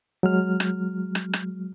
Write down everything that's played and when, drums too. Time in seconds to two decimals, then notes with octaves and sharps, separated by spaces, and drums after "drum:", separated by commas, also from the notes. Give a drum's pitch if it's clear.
0.23 F#3 G#3 F6
0.60 drum: rim click
1.15 drum: rim click
1.33 drum: rim click